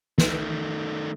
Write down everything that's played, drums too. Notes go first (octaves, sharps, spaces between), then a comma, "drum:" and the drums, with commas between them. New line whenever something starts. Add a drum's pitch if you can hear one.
D#3 A3, drum: snare